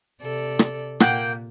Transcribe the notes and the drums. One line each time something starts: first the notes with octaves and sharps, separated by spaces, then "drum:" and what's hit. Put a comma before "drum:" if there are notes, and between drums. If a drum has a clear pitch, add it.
C3 A4 D5
drum: rim click
A#2 A#3 F#5 G5, drum: rim click